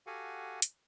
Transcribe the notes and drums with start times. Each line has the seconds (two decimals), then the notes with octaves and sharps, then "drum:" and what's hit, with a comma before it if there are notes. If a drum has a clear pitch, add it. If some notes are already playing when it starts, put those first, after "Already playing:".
0.07 F#4 G4 A4 F5 F#5 G#5
0.62 drum: hi-hat